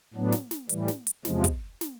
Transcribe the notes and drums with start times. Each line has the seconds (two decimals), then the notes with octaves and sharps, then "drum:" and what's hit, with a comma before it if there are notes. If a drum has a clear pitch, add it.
0.14 A2 F#3 B3 D4
0.32 drum: snare
0.51 drum: snare
0.69 A2 E3 G3, drum: hi-hat
0.88 drum: snare
1.07 drum: hi-hat
1.25 E2 C3 F3 G#3, drum: snare
1.44 drum: kick, hi-hat
1.81 drum: snare